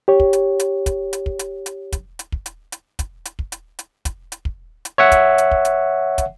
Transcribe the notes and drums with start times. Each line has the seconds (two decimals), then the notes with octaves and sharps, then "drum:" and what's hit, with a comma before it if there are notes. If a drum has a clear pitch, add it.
0.08 G4 C#5
0.20 drum: kick
0.33 drum: hi-hat
0.60 drum: hi-hat
0.86 drum: kick, hi-hat
1.13 drum: hi-hat
1.26 drum: kick
1.39 drum: hi-hat
1.66 drum: hi-hat
1.92 drum: kick, hi-hat
2.19 drum: hi-hat
2.32 drum: kick
2.46 drum: hi-hat
2.72 drum: hi-hat
2.99 drum: kick, hi-hat
3.25 drum: hi-hat
3.39 drum: kick
3.52 drum: hi-hat
3.79 drum: hi-hat
4.05 drum: kick, hi-hat
4.32 drum: hi-hat
4.45 drum: kick
4.85 drum: hi-hat
4.98 C#5 E5 F#5
5.12 drum: kick, hi-hat
5.38 drum: hi-hat
5.51 drum: kick
5.65 drum: hi-hat
6.18 drum: kick, hi-hat